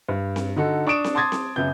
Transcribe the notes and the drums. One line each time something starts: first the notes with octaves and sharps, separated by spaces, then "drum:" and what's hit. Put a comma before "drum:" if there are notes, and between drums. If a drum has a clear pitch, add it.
G2
drum: snare C4
D3 D#4 F#4 A4
D4 C#6 D#6 D7 E7
drum: snare C4
A5 C6 D6 D#6 G#6 A6
drum: snare C4
F#2 C#3 B3 G6